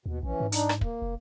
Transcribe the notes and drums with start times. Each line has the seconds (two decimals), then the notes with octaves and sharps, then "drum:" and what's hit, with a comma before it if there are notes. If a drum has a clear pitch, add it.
0.06 D#2 B2
0.23 A#1 E3 C#4
0.40 G#2
0.52 D4 D#4, drum: hi-hat
0.69 drum: rim click
0.81 A#3, drum: kick
1.02 F1